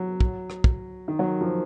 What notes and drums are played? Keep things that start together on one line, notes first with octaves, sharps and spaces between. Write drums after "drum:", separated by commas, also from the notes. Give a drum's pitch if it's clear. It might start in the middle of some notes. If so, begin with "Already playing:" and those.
Already playing: F#3
drum: kick
drum: rim click
drum: kick
D#3
F#3
F3